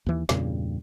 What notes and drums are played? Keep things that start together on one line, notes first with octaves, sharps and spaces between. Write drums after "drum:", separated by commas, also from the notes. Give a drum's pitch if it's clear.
D#2 E3
E2 G2 A#2 C#3, drum: snare